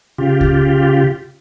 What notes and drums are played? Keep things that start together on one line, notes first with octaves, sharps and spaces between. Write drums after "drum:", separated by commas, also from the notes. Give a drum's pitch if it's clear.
C#3 F4 G4
drum: kick C#2